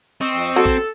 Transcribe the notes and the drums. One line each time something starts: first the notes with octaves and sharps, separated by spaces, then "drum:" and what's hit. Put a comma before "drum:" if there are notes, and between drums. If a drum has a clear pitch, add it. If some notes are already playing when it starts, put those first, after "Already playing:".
C4 D#5 C#6 E6
F2
F#3 A4
drum: kick A1